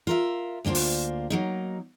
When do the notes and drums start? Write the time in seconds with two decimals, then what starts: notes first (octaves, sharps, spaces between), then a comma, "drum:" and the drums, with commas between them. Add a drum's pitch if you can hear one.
0.07 F4 A#4 E5
0.65 D2 A#3 D4 F4 C5
0.75 drum: open hi-hat
1.30 F#3 A#3 D#4